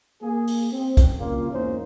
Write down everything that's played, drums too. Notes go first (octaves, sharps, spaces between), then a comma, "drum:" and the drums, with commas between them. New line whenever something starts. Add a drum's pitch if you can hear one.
A#3 G#4
drum: open hi-hat
C4
drum: kick, hi-hat
C2 A#2 C#3 A#3 F4
E2 G#2 A#3 C#4 D#4 C5